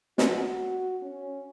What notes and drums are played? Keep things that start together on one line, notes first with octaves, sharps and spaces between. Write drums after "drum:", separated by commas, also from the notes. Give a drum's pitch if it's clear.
F#4, drum: snare
C#4